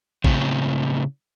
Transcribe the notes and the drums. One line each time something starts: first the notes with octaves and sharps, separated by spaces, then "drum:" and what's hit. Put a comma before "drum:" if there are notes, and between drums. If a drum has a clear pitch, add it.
A2 C#3 C4, drum: kick A1